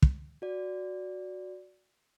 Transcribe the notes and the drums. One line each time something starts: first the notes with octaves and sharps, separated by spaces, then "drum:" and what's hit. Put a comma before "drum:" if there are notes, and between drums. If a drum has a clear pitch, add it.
drum: kick
F#4 D5